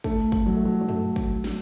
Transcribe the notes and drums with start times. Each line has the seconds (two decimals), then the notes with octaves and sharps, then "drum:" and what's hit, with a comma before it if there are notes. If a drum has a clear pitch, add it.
0.04 A3, drum: kick
0.32 drum: kick
0.46 F#3
0.56 A3
0.65 F#3
0.81 F#3
0.89 A3, drum: tom F#2
1.16 drum: kick
1.44 drum: snare